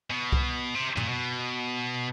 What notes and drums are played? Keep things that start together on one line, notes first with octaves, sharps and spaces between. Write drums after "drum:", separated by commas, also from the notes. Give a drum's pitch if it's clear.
B2
drum: kick C2
C3
A#2, drum: tom
B2